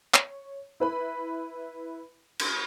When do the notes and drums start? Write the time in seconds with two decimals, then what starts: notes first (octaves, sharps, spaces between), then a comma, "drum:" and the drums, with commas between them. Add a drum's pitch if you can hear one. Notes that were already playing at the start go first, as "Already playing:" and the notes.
0.14 C#5, drum: clap
0.80 E4 B4 B5
2.39 drum: cymbal